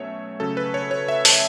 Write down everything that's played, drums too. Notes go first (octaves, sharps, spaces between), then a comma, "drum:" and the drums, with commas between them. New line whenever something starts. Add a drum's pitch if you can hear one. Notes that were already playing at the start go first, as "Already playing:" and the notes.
Already playing: B2 F#3 A3 C#4 C#5 E5
C#3 F#3 A3 C#4 A4
B4
C#5
C#5
E5
A5, drum: open hi-hat